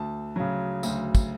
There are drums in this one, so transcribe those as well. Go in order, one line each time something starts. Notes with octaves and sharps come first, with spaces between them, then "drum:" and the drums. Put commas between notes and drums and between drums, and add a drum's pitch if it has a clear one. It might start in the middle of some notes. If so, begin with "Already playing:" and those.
Already playing: D2 A5
C#3 F#3
D2, drum: tambourine
drum: kick, tambourine